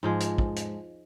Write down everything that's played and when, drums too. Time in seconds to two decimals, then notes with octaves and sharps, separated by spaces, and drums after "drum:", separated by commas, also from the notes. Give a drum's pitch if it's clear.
0.03 G#2 F3 G#3
0.20 drum: hi-hat
0.38 drum: kick
0.56 drum: hi-hat